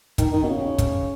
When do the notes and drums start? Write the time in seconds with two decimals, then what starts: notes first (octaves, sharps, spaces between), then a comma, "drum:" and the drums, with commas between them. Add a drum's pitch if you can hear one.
0.18 D#3, drum: kick, hi-hat
0.33 D#3
0.43 B2
0.48 C#3
0.78 drum: kick, hi-hat